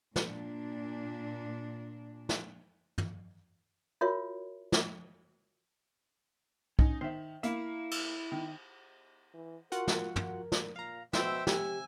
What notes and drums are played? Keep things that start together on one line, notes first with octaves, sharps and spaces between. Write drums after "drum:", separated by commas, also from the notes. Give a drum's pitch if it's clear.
A#2 D4, drum: snare
drum: snare
drum: tom
F4 F#4 A#4 C#5 E5
drum: snare
C#4 D#4, drum: kick
D#3 C5 E5
A#3 E4 E5, drum: hi-hat
drum: cymbal
D#3
E3
F4 F#4 A#4 F#5, drum: hi-hat
drum: snare
A#4, drum: tom
drum: snare
A#2 F5 A#5
B2 C5 E5 G5 E6, drum: snare
C3 G4 G#5, drum: snare